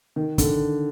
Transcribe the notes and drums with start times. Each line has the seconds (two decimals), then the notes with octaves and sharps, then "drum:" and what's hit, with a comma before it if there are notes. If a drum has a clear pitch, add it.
0.16 D#3
0.38 D3, drum: kick, hi-hat